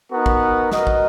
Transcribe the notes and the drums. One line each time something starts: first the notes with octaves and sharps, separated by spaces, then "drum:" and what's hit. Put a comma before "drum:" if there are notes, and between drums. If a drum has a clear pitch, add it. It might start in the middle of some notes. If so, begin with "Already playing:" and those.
B3 D#4 F#4 A#4
drum: kick
F#4 A#4 D#5, drum: snare
drum: kick